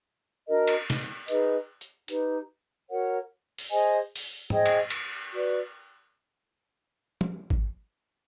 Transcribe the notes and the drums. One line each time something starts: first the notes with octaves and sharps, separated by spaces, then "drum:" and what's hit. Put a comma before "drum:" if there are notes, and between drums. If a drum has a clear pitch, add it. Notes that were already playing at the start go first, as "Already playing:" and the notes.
D4 F#4 A#4 D#5
drum: cymbal
drum: snare
D#4 G#4 B4 D#5, drum: hi-hat
drum: hi-hat
D#4 G4 B4, drum: hi-hat
F#4 A#4 C#5 F#5
drum: open hi-hat
G#4 C5 D#5 G#5
drum: open hi-hat
G#4 C5 D#5 G5, drum: tom
drum: cymbal
drum: cymbal
F#4 B4 D5
drum: tom
drum: kick G#1